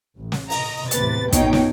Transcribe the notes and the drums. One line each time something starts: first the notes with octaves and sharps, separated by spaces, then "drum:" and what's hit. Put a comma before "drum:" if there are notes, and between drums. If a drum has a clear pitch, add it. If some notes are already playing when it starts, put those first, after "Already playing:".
A1
drum: snare
D#5 A#5, drum: open hi-hat
E2 A2 C3 B4 A6, drum: hi-hat
A1 F2 B2 D#4 C#5 G5, drum: kick, hi-hat
drum: snare